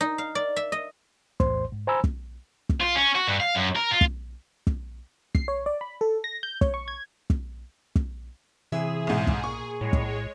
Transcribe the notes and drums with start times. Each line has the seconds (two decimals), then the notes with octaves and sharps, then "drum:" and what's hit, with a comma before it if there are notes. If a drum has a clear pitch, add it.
0.01 D#4
0.18 F5
0.35 D5
0.56 E5
0.72 D#5
1.40 E2 A2 C5 C6, drum: kick
1.72 G#2
1.87 C5 G#5 A#5 B5 E6
2.04 drum: kick
2.69 drum: kick
2.81 F4
2.96 C#4
3.15 F#4
3.28 G2
3.40 F5
3.55 F#2
3.75 A#4
3.91 F4
4.01 drum: kick
4.67 drum: kick
5.35 C7, drum: kick
5.48 C#5
5.66 D5
5.81 B5
6.01 A4
6.24 A#6
6.43 G6
6.61 C#5, drum: kick
6.74 C#6
6.88 G#6
7.30 drum: kick
7.96 drum: kick
8.72 C3 E3 G#4 E5
9.07 B1 G#2
9.27 drum: kick
9.44 A#2 C#6
9.81 A2 G#3 C#5
9.93 drum: kick